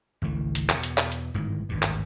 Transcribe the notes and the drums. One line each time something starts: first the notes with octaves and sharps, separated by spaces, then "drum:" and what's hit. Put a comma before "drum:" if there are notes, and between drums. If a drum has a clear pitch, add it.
G#1 C#2 E3 A3
drum: hi-hat
E2 B2, drum: clap
drum: hi-hat
drum: clap
drum: hi-hat
G1 G#2 D#3 E3
G#1 D2 G2
drum: clap